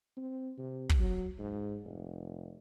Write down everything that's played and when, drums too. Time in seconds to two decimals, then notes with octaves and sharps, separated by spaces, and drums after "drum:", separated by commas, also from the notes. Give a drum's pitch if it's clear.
0.17 C4
0.58 C3
0.89 drum: kick
0.99 F#3
1.39 G#2
1.84 F1